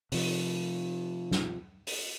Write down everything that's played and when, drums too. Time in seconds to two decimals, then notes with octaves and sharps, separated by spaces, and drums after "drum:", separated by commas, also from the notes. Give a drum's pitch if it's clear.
0.12 C3 F3, drum: open hi-hat
1.31 drum: snare
1.87 drum: open hi-hat